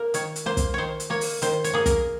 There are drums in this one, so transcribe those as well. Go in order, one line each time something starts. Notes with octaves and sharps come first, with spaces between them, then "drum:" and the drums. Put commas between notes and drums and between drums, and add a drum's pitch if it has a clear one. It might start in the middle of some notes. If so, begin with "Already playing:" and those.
Already playing: A#3 A#4
D#3 C#5, drum: hi-hat
drum: hi-hat
A#3 C5
drum: kick, hi-hat
D#3 C5 C#5
drum: hi-hat
A#3 C#5
drum: open hi-hat
D#3 C5, drum: hi-hat
C#5, drum: hi-hat
A#3 G#4
A#4, drum: kick, hi-hat